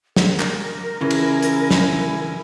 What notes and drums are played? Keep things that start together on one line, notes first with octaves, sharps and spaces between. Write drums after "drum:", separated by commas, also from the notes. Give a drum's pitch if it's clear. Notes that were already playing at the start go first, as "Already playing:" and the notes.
A#4, drum: snare
drum: clap
C#3 E3 E4 G#5
drum: cymbal
drum: hi-hat
drum: snare